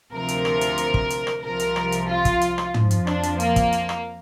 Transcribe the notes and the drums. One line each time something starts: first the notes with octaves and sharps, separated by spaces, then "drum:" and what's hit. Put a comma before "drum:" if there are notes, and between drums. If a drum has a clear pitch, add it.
D2 C3 F3 A#4
drum: hi-hat
drum: rim click
drum: hi-hat
drum: hi-hat
drum: kick
drum: hi-hat
drum: rim click
C2 C3 F3 A#4
drum: hi-hat
drum: rim click
drum: hi-hat
F4
drum: kick, hi-hat
drum: hi-hat
drum: rim click
F2 F3, drum: tom
drum: hi-hat
D4, drum: rim click
drum: hi-hat
A#3, drum: hi-hat
drum: kick, hi-hat
drum: hi-hat
drum: rim click